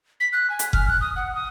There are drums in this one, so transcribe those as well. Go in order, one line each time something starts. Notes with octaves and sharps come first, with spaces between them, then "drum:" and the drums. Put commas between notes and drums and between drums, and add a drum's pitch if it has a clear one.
B6
F#6
G#5
drum: hi-hat
F6, drum: kick F#1
F#6
D#6
F#5
D#6